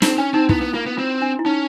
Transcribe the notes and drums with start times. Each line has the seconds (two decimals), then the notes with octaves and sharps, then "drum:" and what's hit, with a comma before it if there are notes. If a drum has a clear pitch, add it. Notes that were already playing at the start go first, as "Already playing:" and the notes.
0.02 C4 D#4, drum: snare
0.18 C#4 D4
0.34 C4 D#4
0.49 B3 E4, drum: kick
0.61 B3
0.74 A#3 F4
0.86 B3
0.97 C4 F4
1.22 D4
1.39 E4
1.45 C#4 D#4